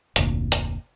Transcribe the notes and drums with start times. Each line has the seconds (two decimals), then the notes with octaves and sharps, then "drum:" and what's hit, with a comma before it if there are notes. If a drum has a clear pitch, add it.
0.16 F1 D2 A#2, drum: hi-hat
0.52 drum: hi-hat